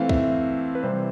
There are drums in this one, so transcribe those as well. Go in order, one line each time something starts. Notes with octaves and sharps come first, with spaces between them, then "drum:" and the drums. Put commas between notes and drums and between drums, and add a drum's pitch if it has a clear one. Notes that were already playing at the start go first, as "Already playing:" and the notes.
Already playing: E3 A3 C4 F5
E5, drum: kick
B4
C3 E3 G3 C5